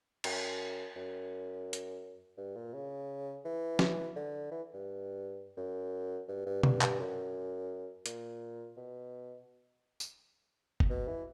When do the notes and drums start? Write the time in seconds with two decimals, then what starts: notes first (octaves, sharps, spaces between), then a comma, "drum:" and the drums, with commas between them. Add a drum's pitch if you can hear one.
0.24 F#2, drum: cymbal
0.96 F#2
1.73 drum: hi-hat
2.37 G2
2.56 A#2
2.74 C#3
3.45 E3
3.79 drum: snare
4.16 D3
4.51 E3
4.74 G2
5.57 F#2
6.28 G2
6.46 G2
6.63 G2, drum: tom B2
6.81 G2, drum: clap
6.99 F#2
8.06 A#2, drum: hi-hat
8.77 B2
10.00 drum: tambourine
10.80 drum: kick
10.89 B2
11.08 E3